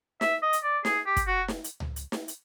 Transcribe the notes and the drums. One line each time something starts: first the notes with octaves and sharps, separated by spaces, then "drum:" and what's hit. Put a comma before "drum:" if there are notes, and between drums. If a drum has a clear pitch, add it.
E5, drum: snare
D#5
drum: hi-hat
D5
G#4, drum: snare
G4
drum: kick, hi-hat
F#4
drum: snare
drum: hi-hat
drum: tom C#2
drum: hi-hat
drum: snare
drum: hi-hat